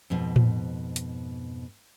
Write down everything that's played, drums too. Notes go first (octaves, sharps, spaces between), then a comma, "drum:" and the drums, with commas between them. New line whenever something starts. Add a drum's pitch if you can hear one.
F2 G#2 B2
drum: tom A2
drum: hi-hat